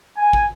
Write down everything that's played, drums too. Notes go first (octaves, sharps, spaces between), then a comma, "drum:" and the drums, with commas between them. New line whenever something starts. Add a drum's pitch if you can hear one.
G#5
drum: kick